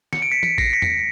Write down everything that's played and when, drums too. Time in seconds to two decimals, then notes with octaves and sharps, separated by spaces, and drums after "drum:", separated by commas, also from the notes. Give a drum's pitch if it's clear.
0.13 C#7, drum: snare
0.22 D7
0.31 B6 C#7
0.43 B6 C#7, drum: tom E3
0.58 A#6 C7, drum: kick
0.73 B6 C#7
0.82 drum: tom E2